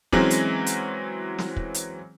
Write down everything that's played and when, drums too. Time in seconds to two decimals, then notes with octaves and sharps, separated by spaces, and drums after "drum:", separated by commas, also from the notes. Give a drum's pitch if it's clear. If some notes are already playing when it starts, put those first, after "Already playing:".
0.12 E3 F#3 G#3 C4 C#4, drum: kick
0.30 drum: hi-hat
0.66 drum: hi-hat
1.38 drum: snare
1.56 drum: kick
1.74 drum: hi-hat